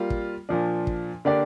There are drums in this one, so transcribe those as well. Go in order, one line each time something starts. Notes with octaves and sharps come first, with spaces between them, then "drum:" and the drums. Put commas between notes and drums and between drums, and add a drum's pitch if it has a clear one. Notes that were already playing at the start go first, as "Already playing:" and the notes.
Already playing: G3 A#3 F4
drum: kick
A#2 F3 D4
drum: kick
D3 A#3 D4 G4 D5